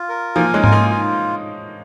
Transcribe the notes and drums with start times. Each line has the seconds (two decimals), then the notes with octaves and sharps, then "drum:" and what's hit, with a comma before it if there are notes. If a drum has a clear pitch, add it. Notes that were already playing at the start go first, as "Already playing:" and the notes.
Already playing: F4
0.09 A#4
0.36 F3 A#3 G#5
0.54 G#3 C#4
0.64 F4, drum: tom G#2
0.72 A#3 D#4
0.90 F4